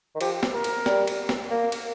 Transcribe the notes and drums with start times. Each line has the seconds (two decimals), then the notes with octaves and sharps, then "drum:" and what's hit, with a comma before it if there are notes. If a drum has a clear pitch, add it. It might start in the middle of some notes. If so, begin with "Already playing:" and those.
0.15 D#3
0.21 F3 G4, drum: cymbal
0.43 drum: snare
0.54 A#4
0.64 drum: cymbal
0.86 G3, drum: snare
1.07 drum: cymbal
1.29 drum: snare
1.51 A#3
1.72 drum: cymbal